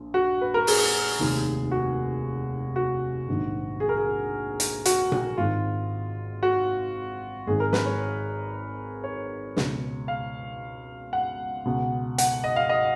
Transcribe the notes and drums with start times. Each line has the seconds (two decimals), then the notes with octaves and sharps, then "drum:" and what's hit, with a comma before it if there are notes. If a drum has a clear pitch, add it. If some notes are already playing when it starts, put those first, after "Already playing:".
Already playing: A#1 A#2
0.14 F#4
0.41 B4
0.54 A#4
0.67 G#4, drum: open hi-hat
1.19 F1 D#2 D#3
1.71 F#4
2.76 F#4
3.28 A#1 G#2 D#3
3.80 G#4
3.89 A#4
3.97 G#4
4.60 drum: hi-hat
4.85 F#4, drum: hi-hat
5.12 drum: tom A#2
5.37 G#1 G#2 D#3 F4
6.43 F#4
7.47 G#1 G#2 D#3 G#4
7.60 A#4
7.73 B4, drum: snare
7.86 C#5
9.04 C#5
9.56 C#2 B2, drum: snare
10.08 F5
11.13 F#5
11.65 C#2 B2
12.18 F#5, drum: hi-hat
12.44 D#5
12.56 F5
12.69 D#5